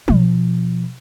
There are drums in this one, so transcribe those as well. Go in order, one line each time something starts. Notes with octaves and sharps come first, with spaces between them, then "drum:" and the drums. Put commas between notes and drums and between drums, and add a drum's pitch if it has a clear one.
B2 F3, drum: tom